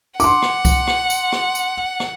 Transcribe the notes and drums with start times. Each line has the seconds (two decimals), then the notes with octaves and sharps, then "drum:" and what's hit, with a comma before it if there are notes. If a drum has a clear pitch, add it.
0.20 F#5 C6 D6, drum: tambourine
0.42 drum: rim click
0.65 drum: kick C2, tambourine
0.87 drum: rim click
1.10 drum: tambourine
1.32 drum: rim click
1.55 drum: tambourine
2.00 drum: rim click